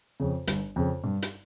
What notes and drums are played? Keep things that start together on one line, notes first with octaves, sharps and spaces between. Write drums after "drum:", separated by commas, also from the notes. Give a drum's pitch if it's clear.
F2 C#3
G1, drum: hi-hat
F2 C#3
G2
drum: hi-hat